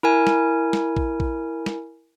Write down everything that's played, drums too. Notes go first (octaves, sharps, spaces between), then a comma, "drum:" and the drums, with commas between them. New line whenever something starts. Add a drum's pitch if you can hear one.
E4 A#4 G#5
drum: snare
drum: snare
drum: kick A#1
drum: kick A#1
drum: snare